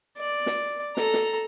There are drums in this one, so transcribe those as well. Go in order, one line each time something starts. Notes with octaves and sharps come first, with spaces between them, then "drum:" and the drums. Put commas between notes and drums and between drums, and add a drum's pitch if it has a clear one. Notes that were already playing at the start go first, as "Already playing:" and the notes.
D5
drum: snare
A4 A#5, drum: snare
drum: snare